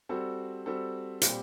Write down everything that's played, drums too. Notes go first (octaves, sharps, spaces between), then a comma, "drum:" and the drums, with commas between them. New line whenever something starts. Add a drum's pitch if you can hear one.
G3 C4 F#4 A4
G3 C4 F#4 A4
A#2 G3 C4 G4, drum: hi-hat